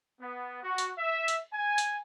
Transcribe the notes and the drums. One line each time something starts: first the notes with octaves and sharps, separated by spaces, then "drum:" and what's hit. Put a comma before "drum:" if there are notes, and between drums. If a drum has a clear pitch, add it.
B3
F#4
drum: hi-hat
E5
drum: hi-hat
G#5
drum: hi-hat